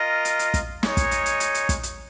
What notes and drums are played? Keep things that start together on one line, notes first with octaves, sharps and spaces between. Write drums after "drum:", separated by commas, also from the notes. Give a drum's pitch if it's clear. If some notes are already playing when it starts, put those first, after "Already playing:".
Already playing: F4 A#4 D#5
drum: hi-hat
drum: hi-hat
drum: kick, hi-hat
G#3 D#4 C#5, drum: snare
drum: kick, hi-hat
drum: hi-hat
drum: hi-hat
drum: hi-hat
drum: hi-hat
drum: kick, hi-hat
drum: hi-hat